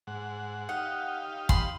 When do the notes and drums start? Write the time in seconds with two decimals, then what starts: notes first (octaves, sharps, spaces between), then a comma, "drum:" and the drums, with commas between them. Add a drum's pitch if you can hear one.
0.07 G#2 F#5
0.69 D#4 G4 F5 F#5
1.49 B5 C6, drum: kick